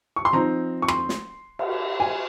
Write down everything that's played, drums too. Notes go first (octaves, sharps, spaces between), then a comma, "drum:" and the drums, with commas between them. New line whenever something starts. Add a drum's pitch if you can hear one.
C#6
C6
F3 C4 D#4 A#5
C#6
C6, drum: rim click
drum: snare
drum: cymbal
G#5